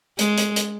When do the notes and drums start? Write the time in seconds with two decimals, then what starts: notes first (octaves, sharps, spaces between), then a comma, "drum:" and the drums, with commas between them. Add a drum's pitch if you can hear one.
0.19 G#3, drum: hi-hat
0.37 drum: hi-hat
0.56 drum: hi-hat